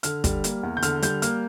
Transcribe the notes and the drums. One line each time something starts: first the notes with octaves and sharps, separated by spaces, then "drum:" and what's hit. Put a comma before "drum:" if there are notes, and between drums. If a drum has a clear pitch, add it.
D3 F6, drum: hi-hat
G3, drum: kick, hi-hat
A#3, drum: hi-hat
E2
G6
D3 F6, drum: hi-hat
G3 G6, drum: hi-hat
A#3 F6, drum: hi-hat